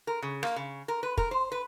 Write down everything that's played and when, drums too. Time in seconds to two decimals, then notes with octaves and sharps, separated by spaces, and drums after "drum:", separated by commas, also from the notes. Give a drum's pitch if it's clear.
0.07 A#4
0.23 C#3
0.43 A#3, drum: rim click
0.56 C#3
0.88 A#4
1.03 B4
1.17 A#4, drum: kick
1.31 C5
1.52 B4